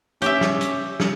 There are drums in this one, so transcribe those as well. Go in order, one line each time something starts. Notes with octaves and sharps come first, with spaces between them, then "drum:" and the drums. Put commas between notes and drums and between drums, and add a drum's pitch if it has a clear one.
C#4 G4 E5, drum: hi-hat
drum: snare
drum: hi-hat
drum: snare